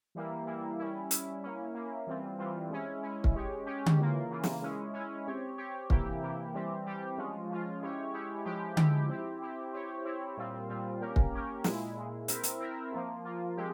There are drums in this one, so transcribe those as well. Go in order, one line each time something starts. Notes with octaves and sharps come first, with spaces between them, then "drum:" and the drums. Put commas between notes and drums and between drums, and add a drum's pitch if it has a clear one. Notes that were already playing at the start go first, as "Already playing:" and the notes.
E3 G3 A#3 E4
E3 G3 A#3 E4
G3 C#4 E4
G3 C#4 E4, drum: hi-hat
A#3 C#4 E4
A#3 C#4 E4
E3 G3 C4 F4
E3 G3 C4 F4
G#3 C#4 E4
G#3 C#4 E4
drum: kick
G#3 C#4 G4 C#5
G#3 C#4 G4 C#5
drum: tom D3
C#3 E3 A#3 F4
C#3 E3 A#3 F4
drum: snare
G#3 C#4 E4
G#3 C#4 E4
C4 G4 C#5
C4 G4 C#5
C3 E3 A#3 E4 G4, drum: kick
C3 E3 A#3 E4 G4
E3 G3 C4 G4
E3 G3 C4 G4
F3 G#3 C#4 F4
F3 G#3 C#4 F4
G#3 C#4 E4 G4 C#5
G#3 C#4 E4 G4 C#5
F3 G#3 E4 G4
F3 G#3 E4 G4, drum: tom D3
C4 E4 G4
C4 E4 G4
C4 E4 G4 C#5
C4 E4 G4 C#5
A#2 G3 C4 F4
A#2 G3 C4 F4
A#3 C#4 G4 A#4
drum: kick
A#3 C#4 G4 A#4
A#2 G#3 E4, drum: snare
A#2 G#3 E4
C4 E4 A#4 E5, drum: hi-hat
drum: hi-hat
C4 E4 A#4 E5
F3 A#3 F4
F3 A#3 F4
F3 G#3 C4 G4